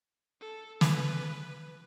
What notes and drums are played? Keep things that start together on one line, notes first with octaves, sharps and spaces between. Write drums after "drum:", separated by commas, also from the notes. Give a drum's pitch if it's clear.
A4
B4, drum: snare